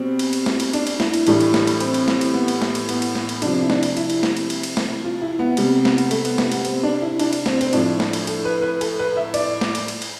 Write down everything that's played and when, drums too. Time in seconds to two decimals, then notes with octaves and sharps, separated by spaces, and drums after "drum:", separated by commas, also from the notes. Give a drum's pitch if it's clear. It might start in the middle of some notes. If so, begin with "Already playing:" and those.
Already playing: B2 G3 C4
0.19 drum: cymbal
0.33 drum: cymbal
0.46 drum: snare
0.60 drum: cymbal
0.73 D4, drum: cymbal
0.87 drum: cymbal
1.00 E4, drum: snare
1.14 drum: cymbal
1.27 A2 E3 G3 D4, drum: cymbal
1.40 drum: cymbal
1.54 drum: snare
1.67 drum: cymbal
1.80 C4, drum: cymbal
1.94 drum: cymbal
2.08 drum: snare
2.21 drum: cymbal
2.34 B3
2.48 drum: cymbal
2.62 drum: snare
2.75 drum: cymbal
2.89 B3, drum: cymbal
3.02 drum: cymbal
3.15 drum: snare
3.29 drum: cymbal
3.42 C3 F3 D4, drum: cymbal
3.62 E4
3.70 D4, drum: snare
3.83 drum: cymbal
3.97 E4, drum: cymbal
4.10 drum: cymbal
4.23 drum: snare
4.37 drum: cymbal
4.50 drum: cymbal
4.63 drum: cymbal
4.77 drum: snare
5.04 F4
5.22 E4
5.39 B3
5.57 C3 G3 B3, drum: cymbal
5.85 B3, drum: snare
5.98 drum: cymbal
6.11 A3, drum: cymbal
6.25 B3, drum: cymbal
6.38 B3, drum: snare
6.52 B3, drum: cymbal
6.65 C4, drum: cymbal
6.83 D4
7.02 E4
7.19 D4, drum: cymbal
7.33 drum: cymbal
7.46 C4, drum: snare
7.61 C4, drum: cymbal
7.73 A2 F3 D4, drum: cymbal
8.00 drum: snare
8.13 drum: cymbal
8.27 A4, drum: cymbal
8.45 B4
8.62 B4
8.81 A4, drum: cymbal
8.99 B4
9.17 E5
9.34 D5, drum: cymbal
9.61 drum: snare
9.75 drum: cymbal
9.88 drum: cymbal
10.02 drum: cymbal